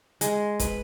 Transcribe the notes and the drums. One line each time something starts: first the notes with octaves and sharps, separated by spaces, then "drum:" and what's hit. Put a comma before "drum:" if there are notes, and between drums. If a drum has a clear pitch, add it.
G#3, drum: hi-hat
B4, drum: kick, hi-hat